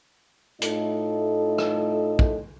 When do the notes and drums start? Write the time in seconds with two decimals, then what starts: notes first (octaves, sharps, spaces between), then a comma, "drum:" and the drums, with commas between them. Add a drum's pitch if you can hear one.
0.62 A2 A3 D#4 F4 A4 D#5, drum: hi-hat
1.58 drum: rim click
2.19 drum: kick